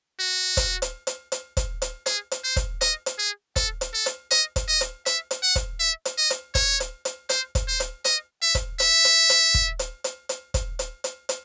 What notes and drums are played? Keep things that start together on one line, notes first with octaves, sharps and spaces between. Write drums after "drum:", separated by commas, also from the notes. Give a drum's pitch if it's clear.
F#4
drum: kick, hi-hat
drum: hi-hat
drum: hi-hat
drum: hi-hat
drum: kick, hi-hat
drum: hi-hat
G#4, drum: hi-hat
drum: hi-hat
C5
drum: kick, hi-hat
D#5, drum: hi-hat
drum: hi-hat
G#4
A4, drum: kick, hi-hat
drum: hi-hat
A4
drum: hi-hat
D#5, drum: hi-hat
drum: kick, hi-hat
D#5
drum: hi-hat
E5, drum: hi-hat
drum: hi-hat
F#5
drum: kick, hi-hat
E5
drum: hi-hat
D#5
drum: hi-hat
C#5, drum: kick, hi-hat
drum: hi-hat
drum: hi-hat
C5, drum: hi-hat
drum: kick, hi-hat
C5
drum: hi-hat
D#5, drum: hi-hat
E5
drum: kick, hi-hat
E5, drum: hi-hat
drum: hi-hat
drum: hi-hat
drum: kick
drum: hi-hat
drum: hi-hat
drum: hi-hat
drum: kick, hi-hat
drum: hi-hat
drum: hi-hat
drum: hi-hat